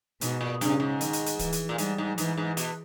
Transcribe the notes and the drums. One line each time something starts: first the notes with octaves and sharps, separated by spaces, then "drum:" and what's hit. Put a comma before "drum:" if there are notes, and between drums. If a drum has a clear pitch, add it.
G#2 B2, drum: hi-hat
A#2
G2 C#3, drum: hi-hat
G#2
D#3, drum: hi-hat
drum: hi-hat
drum: hi-hat
E3, drum: kick D1, hi-hat
drum: hi-hat
A#2
G#2 G3, drum: hi-hat
G#2
G#2 E3, drum: hi-hat
G#2
B2, drum: hi-hat